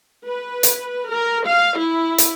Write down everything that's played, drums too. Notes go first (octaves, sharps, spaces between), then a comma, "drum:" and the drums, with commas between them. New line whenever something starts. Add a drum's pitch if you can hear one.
B4
drum: hi-hat
A#4
F5
E4
drum: hi-hat